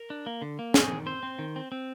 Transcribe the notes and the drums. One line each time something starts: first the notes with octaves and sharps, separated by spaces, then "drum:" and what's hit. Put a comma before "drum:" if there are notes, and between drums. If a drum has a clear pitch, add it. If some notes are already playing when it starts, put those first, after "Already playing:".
Already playing: A#4
D4
A#3
D3
A#3
C4 G#4, drum: snare
D#3
C4 C5
C4
D#3
C4
C4